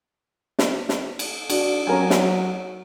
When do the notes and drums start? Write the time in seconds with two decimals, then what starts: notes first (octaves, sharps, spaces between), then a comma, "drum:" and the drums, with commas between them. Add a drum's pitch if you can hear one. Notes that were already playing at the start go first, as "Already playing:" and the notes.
0.59 drum: snare
0.89 drum: snare
1.19 drum: cymbal
1.50 D4 F#4, drum: cymbal
1.87 F#3 C#4 A#4 G#5
2.10 drum: snare